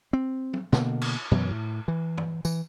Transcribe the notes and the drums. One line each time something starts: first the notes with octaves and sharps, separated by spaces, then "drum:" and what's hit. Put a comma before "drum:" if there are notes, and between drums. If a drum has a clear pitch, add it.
C4
drum: tom
B2 D3 A#3, drum: snare
drum: cymbal
F#2 B2 E3 F#3
A2
E3
drum: tom
E3, drum: tambourine